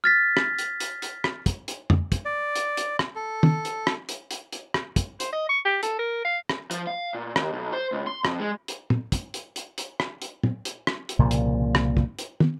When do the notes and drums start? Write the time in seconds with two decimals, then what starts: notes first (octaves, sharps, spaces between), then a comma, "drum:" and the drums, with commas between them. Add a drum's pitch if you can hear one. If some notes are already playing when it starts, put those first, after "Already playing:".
0.04 F6 A6 B6
0.37 drum: rim click
0.59 drum: hi-hat
0.80 drum: hi-hat
1.02 drum: hi-hat
1.24 drum: rim click
1.46 drum: kick, hi-hat
1.68 drum: hi-hat
1.90 drum: tom F2
2.12 drum: kick, hi-hat
2.25 D5
2.56 drum: hi-hat
2.77 drum: hi-hat
2.99 drum: rim click
3.16 A4
3.43 drum: tom
3.65 drum: hi-hat
3.87 drum: rim click
4.09 drum: hi-hat
4.31 drum: hi-hat
4.52 drum: hi-hat
4.74 drum: rim click
4.96 drum: kick, hi-hat
5.20 C5, drum: hi-hat
5.33 D#5
5.49 C#6
5.65 G4
5.83 A4, drum: hi-hat
5.99 A#4
6.25 F5
6.49 drum: rim click
6.71 F3, drum: hi-hat
6.87 F5
7.14 A#2
7.36 D#2, drum: rim click
7.52 B1
7.73 C5
7.92 C#2
8.07 C6
8.25 F2, drum: rim click
8.40 G#3
8.68 drum: hi-hat
8.90 drum: tom
9.12 drum: kick, hi-hat
9.34 drum: hi-hat
9.56 drum: hi-hat
9.78 drum: hi-hat
10.00 drum: rim click
10.22 drum: hi-hat
10.43 drum: tom
10.65 drum: hi-hat
10.87 drum: rim click
11.09 drum: hi-hat
11.19 C2 A#2 C#3 F3
11.31 drum: hi-hat
11.75 drum: rim click
11.97 drum: kick
12.19 drum: hi-hat
12.40 drum: tom